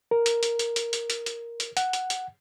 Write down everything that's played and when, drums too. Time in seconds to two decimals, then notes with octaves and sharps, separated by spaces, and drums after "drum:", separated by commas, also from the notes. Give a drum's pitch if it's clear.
0.11 A#4
0.26 drum: hi-hat
0.43 drum: hi-hat
0.59 drum: hi-hat
0.76 drum: hi-hat
0.93 drum: hi-hat
1.10 drum: hi-hat
1.26 drum: hi-hat
1.60 drum: hi-hat
1.77 F#5, drum: hi-hat
1.93 drum: hi-hat
2.10 drum: hi-hat